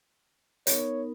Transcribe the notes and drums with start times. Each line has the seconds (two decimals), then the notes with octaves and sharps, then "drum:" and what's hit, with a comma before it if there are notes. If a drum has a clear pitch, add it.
0.67 B3 D#4 A#4 C#5, drum: hi-hat